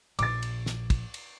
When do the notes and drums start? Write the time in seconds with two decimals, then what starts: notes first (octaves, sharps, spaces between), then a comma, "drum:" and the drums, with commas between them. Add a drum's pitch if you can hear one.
0.19 A#1 D6 A6, drum: cymbal
0.42 drum: cymbal
0.66 drum: snare
0.90 drum: kick, cymbal
1.14 drum: cymbal